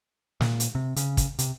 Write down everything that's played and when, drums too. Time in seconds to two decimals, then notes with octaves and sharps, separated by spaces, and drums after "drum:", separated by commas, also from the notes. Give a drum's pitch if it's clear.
0.41 A#2, drum: snare
0.60 drum: hi-hat
0.75 C3
0.96 C#3, drum: hi-hat
1.17 drum: kick, hi-hat
1.39 C3, drum: hi-hat